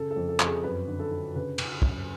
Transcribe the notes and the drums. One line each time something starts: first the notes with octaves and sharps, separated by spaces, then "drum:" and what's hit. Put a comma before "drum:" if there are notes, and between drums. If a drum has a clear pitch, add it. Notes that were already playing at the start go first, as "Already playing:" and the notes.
Already playing: C#3 A4
A4
F2
A4
F2, drum: clap
G#4
F#2 B4
D3
A4
D3
C#3 B4
C#3, drum: cymbal
F#2, drum: kick